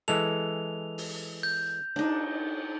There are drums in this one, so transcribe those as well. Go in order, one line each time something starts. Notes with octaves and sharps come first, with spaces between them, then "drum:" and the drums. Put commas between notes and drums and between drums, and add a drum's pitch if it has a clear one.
E3 G#3 A4 F7
drum: open hi-hat
G6
D4 D#4, drum: cymbal